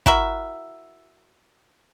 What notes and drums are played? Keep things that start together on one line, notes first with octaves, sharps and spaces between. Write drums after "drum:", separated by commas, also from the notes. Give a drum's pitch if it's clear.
E4 F#4 A#4 E5, drum: kick